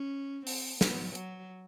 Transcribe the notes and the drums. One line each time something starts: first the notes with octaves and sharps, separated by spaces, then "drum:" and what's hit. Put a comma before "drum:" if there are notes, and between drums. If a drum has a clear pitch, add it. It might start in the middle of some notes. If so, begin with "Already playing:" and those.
Already playing: C#4
C4, drum: open hi-hat
B3, drum: snare
F#3, drum: hi-hat